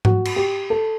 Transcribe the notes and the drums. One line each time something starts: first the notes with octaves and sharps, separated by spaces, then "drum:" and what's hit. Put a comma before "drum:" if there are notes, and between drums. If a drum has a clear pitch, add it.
F#4, drum: tom G#2
drum: cymbal
G4
A4